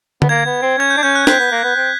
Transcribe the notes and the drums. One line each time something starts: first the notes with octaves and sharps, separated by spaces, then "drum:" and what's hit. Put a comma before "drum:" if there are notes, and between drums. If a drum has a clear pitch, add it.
B3, drum: tom D3
A#3 G#6
B3
C4
C#4 G#6
G6
D4
C#4 G6
F#6
C4 B6, drum: snare
B3
A#3
B3
C4